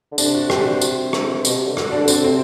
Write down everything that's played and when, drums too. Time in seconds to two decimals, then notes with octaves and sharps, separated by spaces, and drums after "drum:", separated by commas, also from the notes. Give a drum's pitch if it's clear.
0.12 D3
0.18 C3 D4, drum: tambourine
0.35 F#4
0.50 G4, drum: rim click
0.81 drum: tambourine
1.13 drum: rim click
1.45 B2, drum: tambourine
1.55 C3
1.66 D3
1.77 F#4, drum: rim click
1.92 D3 D4
2.08 D3 C4, drum: tambourine
2.24 C3 C4